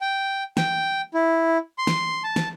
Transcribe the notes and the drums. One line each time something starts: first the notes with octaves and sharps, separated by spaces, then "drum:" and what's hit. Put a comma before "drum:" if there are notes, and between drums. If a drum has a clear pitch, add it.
G5
G5, drum: snare
E4
C6
drum: snare
A5
drum: snare